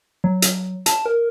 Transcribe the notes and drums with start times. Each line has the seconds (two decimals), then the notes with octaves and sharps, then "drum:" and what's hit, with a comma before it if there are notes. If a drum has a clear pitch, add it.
0.24 F#3
0.42 drum: hi-hat
0.86 A5, drum: hi-hat
1.06 A#4